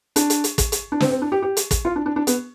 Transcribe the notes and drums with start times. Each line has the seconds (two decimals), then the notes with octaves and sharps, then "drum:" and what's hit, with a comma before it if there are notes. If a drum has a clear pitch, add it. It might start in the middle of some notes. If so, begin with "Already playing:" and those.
0.16 D4, drum: hi-hat
0.30 drum: hi-hat
0.44 drum: hi-hat
0.58 drum: kick, hi-hat
0.72 drum: hi-hat
0.92 D4
1.00 C4, drum: snare
1.11 C4
1.22 D4
1.32 G4
1.42 G4
1.57 drum: hi-hat
1.71 drum: kick, hi-hat
1.85 F4
1.96 D4
2.06 D4
2.16 D4
2.27 B3, drum: hi-hat